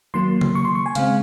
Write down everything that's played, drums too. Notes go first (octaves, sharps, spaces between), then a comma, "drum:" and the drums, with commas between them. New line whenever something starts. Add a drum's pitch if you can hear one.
D#3 F#3 A#3 C6
drum: tom C#3
C#6
C6
C#6
G#5
C#3 G#3 C4 F5, drum: hi-hat